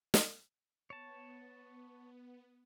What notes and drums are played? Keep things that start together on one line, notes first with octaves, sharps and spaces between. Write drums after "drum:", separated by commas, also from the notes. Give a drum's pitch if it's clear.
drum: snare
B3 C#5 A5